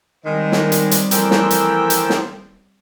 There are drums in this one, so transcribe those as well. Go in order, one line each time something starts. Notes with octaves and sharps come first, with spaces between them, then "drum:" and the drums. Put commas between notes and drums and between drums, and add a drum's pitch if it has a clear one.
D#3 G3 G#3 C4
drum: snare
drum: hi-hat
drum: hi-hat
E3 F3 A3 A#4 G5 E6, drum: hi-hat
drum: snare
drum: hi-hat
drum: hi-hat
drum: snare